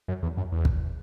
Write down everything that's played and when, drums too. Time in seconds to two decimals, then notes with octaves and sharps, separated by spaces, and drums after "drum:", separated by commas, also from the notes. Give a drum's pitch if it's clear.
0.08 F#2
0.23 E2
0.37 F#2
0.52 E2
0.65 drum: kick